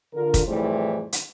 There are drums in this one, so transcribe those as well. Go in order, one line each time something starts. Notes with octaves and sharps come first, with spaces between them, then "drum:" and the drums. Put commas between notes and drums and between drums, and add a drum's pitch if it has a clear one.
D3 F4 A#4
drum: kick, hi-hat
F2 A2 E3 G3 G#4 C5
drum: hi-hat